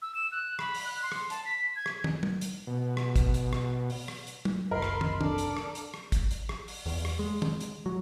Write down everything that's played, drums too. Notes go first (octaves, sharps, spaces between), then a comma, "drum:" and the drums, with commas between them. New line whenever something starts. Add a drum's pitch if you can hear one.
E6
E7
F#6
B5, drum: rim click
drum: open hi-hat
F#6
C6
drum: rim click
A5, drum: hi-hat
B6
G#6
drum: rim click
drum: tom
drum: tom
drum: hi-hat
B2
drum: rim click
drum: kick G#1, hi-hat
drum: hi-hat
drum: rim click
drum: open hi-hat
drum: rim click
drum: hi-hat
drum: tom
F#1 C2 A#4 D#5 B5 C6
drum: rim click
drum: tom
D4 A4 D5, drum: tom
drum: hi-hat
drum: rim click
drum: hi-hat
drum: rim click
drum: kick G#1, hi-hat
drum: hi-hat
drum: rim click
drum: open hi-hat
E2, drum: open hi-hat
drum: rim click
G#3
drum: tom
drum: hi-hat
F#3